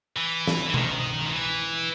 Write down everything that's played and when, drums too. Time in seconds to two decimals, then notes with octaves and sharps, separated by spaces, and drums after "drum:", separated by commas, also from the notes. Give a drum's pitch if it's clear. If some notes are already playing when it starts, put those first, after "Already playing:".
0.17 E3
0.47 drum: snare
0.69 E3
0.74 D#3, drum: tom B2
1.25 F3
1.31 E3